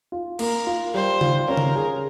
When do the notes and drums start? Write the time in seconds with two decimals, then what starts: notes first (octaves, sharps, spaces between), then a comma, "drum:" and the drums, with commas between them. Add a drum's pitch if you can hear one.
0.12 F4
0.39 A#3 A#4, drum: cymbal
0.67 F4
0.94 G3 C5
1.21 F4, drum: tom C#3
1.48 C#4 A#4
1.57 drum: tom C#3
1.76 G#4